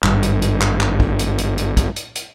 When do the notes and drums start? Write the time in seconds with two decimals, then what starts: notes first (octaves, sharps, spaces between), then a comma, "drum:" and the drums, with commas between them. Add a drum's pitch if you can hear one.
0.03 G#1 G2, drum: clap
0.23 drum: hi-hat
0.42 drum: hi-hat
0.61 drum: clap
0.81 drum: clap
1.00 drum: kick
1.19 drum: hi-hat
1.38 drum: hi-hat
1.58 drum: hi-hat
1.77 drum: kick, hi-hat
1.96 drum: hi-hat
2.16 drum: hi-hat